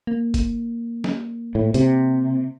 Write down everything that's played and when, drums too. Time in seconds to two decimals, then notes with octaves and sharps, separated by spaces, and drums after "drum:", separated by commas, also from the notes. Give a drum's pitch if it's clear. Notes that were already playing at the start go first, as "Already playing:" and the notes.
0.07 A#3
0.34 drum: kick F#1, hi-hat
1.04 drum: snare
1.55 A2
1.74 C3, drum: hi-hat